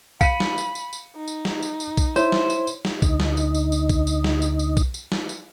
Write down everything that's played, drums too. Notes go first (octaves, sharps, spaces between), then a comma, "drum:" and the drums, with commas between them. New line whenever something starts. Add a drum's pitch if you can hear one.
F5 B5 C#7 D#7, drum: kick B1, tambourine
drum: snare
drum: tambourine
drum: tambourine
drum: tambourine
D#4
drum: tambourine
drum: snare
drum: tambourine
drum: tambourine
drum: kick B1, tambourine
E4 C5 C#5, drum: tambourine
drum: snare
drum: tambourine
drum: tambourine
drum: snare
D2 D#4, drum: kick B1, tambourine
drum: snare
drum: tambourine
drum: tambourine
drum: tambourine
drum: kick B1, tambourine
drum: tambourine
drum: snare
drum: tambourine
drum: tambourine
drum: kick B1, tambourine
drum: tambourine
drum: snare
drum: tambourine